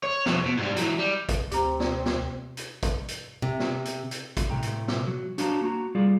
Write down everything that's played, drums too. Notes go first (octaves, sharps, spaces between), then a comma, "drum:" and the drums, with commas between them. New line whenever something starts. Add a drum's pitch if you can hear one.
C#5
F2 F3, drum: snare
B2
G#2 G3
E3 F#3, drum: hi-hat
G3
drum: kick, hi-hat
D2 C4 G4 A#5, drum: hi-hat
drum: snare
drum: snare
drum: hi-hat
drum: kick, hi-hat
drum: hi-hat
C3
drum: snare
drum: hi-hat
drum: hi-hat
drum: kick, hi-hat
A2 C3 A3 G5 A#5
drum: hi-hat
drum: snare
F#3
D4 F#4 C#5 F5 A5 A#5, drum: hi-hat
A#3 F#4 A#5
G3 F4 G#4 D5 F5